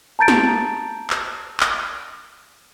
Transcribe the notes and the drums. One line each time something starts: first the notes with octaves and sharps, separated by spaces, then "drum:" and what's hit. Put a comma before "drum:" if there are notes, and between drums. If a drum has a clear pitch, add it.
A5 A#5 G6 A6 D7
drum: snare
drum: clap
drum: clap